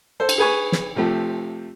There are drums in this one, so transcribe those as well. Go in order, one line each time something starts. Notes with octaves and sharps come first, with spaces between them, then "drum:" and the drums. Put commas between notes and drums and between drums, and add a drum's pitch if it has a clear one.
A4 C5
drum: cymbal
G#4 B4 G#5 C#6
drum: snare
C3 F3 A3 G4